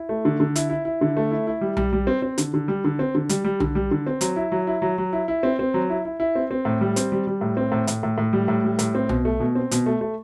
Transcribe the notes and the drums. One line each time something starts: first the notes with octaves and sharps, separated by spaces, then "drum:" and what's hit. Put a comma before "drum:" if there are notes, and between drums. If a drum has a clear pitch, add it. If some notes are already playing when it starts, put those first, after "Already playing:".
Already playing: E4
A3
D3
D3
E4, drum: hi-hat
E4
E4
D3
A3
E4
E4
G3
G3, drum: tom B1
G3
C4
C4
D3, drum: hi-hat
D3
G3
D3
C4
D3
G3, drum: hi-hat
G3
D3, drum: tom B1
G3
D3
C4
F#3, drum: hi-hat
E4
F#3
E4
F#3
F#3
E4
E4
C4
C4
F#3
E4
E4
E4
C4
C4
A2
G3
C4, drum: hi-hat
G3
G3
A2
C4
A2
A2, drum: hi-hat
A2
A2
G3
A2
G3
A2, drum: hi-hat
C4
B2, drum: tom B1
A3
B2
C4
B2, drum: hi-hat
A3
A3